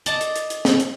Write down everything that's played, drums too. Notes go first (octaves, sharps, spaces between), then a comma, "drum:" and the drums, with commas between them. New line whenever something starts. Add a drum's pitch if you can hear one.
D5 D#5 A5 D6, drum: hi-hat
drum: hi-hat
drum: hi-hat
drum: hi-hat
drum: snare
drum: hi-hat